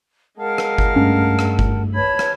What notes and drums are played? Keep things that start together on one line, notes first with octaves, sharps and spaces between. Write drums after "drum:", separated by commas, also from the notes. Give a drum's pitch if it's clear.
G#3 A#4 F5 F#5 A5
drum: rim click
drum: kick G1
G2 A3 C#4
drum: rim click
drum: kick G1
B4 C#5 A5 B5 G#6
drum: rim click